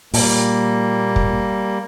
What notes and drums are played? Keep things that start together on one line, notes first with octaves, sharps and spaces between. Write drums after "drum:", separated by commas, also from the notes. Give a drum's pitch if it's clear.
A#2 G3 A#3, drum: open hi-hat
drum: kick